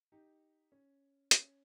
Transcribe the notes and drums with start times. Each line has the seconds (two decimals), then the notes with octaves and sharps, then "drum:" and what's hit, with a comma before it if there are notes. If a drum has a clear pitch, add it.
0.12 D#4 G4
0.72 C#4
1.31 C#4, drum: hi-hat